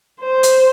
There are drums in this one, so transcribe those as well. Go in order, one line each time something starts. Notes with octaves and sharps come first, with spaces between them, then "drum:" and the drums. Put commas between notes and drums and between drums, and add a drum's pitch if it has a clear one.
C5
drum: hi-hat